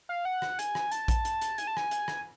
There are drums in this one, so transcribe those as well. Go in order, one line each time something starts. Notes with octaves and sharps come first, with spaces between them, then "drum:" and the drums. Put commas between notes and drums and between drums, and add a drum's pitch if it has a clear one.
F5
F#5
drum: rim click
G#5, drum: hi-hat
drum: rim click
A5, drum: hi-hat
drum: kick A#1, hi-hat
drum: hi-hat
drum: hi-hat
G#5, drum: hi-hat
A5
G#5, drum: rim click
drum: hi-hat
drum: rim click